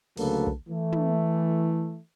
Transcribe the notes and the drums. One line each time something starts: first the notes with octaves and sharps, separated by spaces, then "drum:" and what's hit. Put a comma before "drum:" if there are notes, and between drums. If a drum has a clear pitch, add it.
D2 C#3 F#3 A#3 A4 B4, drum: open hi-hat
drum: kick
E3 A3
drum: tom